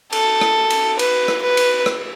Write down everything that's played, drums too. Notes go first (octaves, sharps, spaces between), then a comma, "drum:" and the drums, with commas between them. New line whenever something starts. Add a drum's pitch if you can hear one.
A4, drum: cymbal
drum: rim click
drum: cymbal
B4, drum: cymbal
drum: rim click
B4
drum: cymbal
drum: rim click